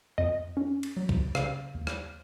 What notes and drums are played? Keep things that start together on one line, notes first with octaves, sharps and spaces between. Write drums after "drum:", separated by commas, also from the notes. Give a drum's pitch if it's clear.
F2 D#5
C#4
drum: cymbal
F#3
drum: kick B1
C#3 F5, drum: rim click
D#2
drum: rim click